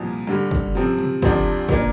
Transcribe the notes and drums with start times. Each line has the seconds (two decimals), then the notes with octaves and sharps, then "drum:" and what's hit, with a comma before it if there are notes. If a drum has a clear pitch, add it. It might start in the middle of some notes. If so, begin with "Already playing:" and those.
Already playing: C2 A#2 F3
0.27 G2 D3 G3
0.51 drum: kick
0.75 C3 F3 C4
0.98 drum: tom
1.22 D2 C3 F3 D4 C5, drum: kick
1.69 A#2 A#3 D4, drum: kick